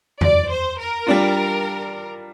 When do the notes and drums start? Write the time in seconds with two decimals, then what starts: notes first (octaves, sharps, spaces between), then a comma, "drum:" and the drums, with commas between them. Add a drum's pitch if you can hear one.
0.21 D5, drum: tom E2
0.50 C5
0.78 A#4
1.07 G3 D4 F4